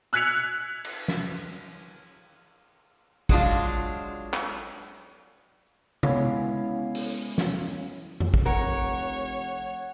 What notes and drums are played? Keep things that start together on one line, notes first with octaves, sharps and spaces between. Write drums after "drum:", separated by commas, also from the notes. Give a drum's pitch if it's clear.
E6 F#6 G#6 B6 C#7 F7, drum: hi-hat
drum: cymbal
drum: snare
F#3 G#3 D4 F4, drum: kick
drum: clap
G#3 B3 C#4 E4 C#5 F5, drum: tom C3
drum: open hi-hat
drum: snare
drum: tom F2
drum: kick
F1 A#4 C#5 F#5